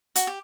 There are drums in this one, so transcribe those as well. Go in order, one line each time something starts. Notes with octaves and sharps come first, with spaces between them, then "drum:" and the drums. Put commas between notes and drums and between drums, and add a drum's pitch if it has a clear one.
F#4, drum: hi-hat
G4